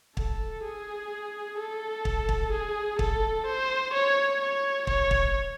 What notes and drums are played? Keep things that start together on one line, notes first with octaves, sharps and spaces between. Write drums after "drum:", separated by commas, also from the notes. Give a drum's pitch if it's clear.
A4, drum: kick
G#4
A4
drum: kick
drum: kick
G#4
A4, drum: kick
C5
C#5
C#5
C#5, drum: kick
drum: kick